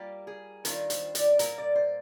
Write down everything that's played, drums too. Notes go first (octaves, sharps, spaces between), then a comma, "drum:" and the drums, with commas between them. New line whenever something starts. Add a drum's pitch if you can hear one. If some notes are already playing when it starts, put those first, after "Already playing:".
Already playing: G3 A#3 F4 G4
G#4
D#3 G3 D4 F4 A#4, drum: hi-hat
C5, drum: hi-hat
D5, drum: hi-hat
A#2 G3 A#3 A#4, drum: hi-hat
D5
C5